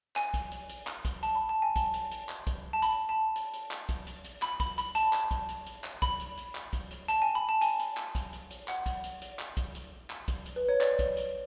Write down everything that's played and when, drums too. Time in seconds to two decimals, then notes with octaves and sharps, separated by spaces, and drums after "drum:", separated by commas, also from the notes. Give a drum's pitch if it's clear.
0.16 G#5, drum: clap
0.34 drum: kick, hi-hat
0.51 drum: hi-hat
0.69 drum: hi-hat
0.87 drum: clap
1.05 drum: kick, hi-hat
1.23 A5, drum: hi-hat
1.35 B5
1.49 A5
1.62 G#5
1.76 A5, drum: kick, hi-hat
1.94 drum: hi-hat
2.11 drum: hi-hat
2.29 drum: clap
2.47 drum: kick, hi-hat
2.73 A5
2.82 B5, drum: hi-hat
3.09 A5
3.36 drum: hi-hat
3.53 drum: hi-hat
3.71 drum: clap
3.89 drum: kick, hi-hat
4.07 drum: hi-hat
4.24 drum: hi-hat
4.42 B5, drum: clap
4.60 B5, drum: kick, hi-hat
4.78 B5, drum: hi-hat
4.95 A5, drum: hi-hat
5.13 drum: clap
5.31 drum: kick, hi-hat
5.49 drum: hi-hat
5.66 drum: hi-hat
5.84 drum: clap
6.02 B5, drum: kick, hi-hat
6.20 drum: hi-hat
6.37 drum: hi-hat
6.55 drum: clap
6.73 drum: kick, hi-hat
6.91 drum: hi-hat
7.08 A5, drum: hi-hat
7.22 G#5
7.35 B5
7.49 A5
7.61 G#5, drum: hi-hat
7.79 drum: hi-hat
7.97 drum: clap
8.15 drum: kick, hi-hat
8.33 drum: hi-hat
8.50 drum: hi-hat
8.68 F#5, drum: clap
8.86 drum: kick, hi-hat
9.04 drum: hi-hat
9.21 drum: hi-hat
9.39 drum: clap
9.57 drum: kick, hi-hat
9.75 drum: hi-hat
10.10 drum: clap
10.28 drum: kick, hi-hat
10.46 drum: hi-hat
10.56 B4
10.69 C#5
10.81 D5, drum: clap
10.99 drum: kick, hi-hat
11.17 drum: hi-hat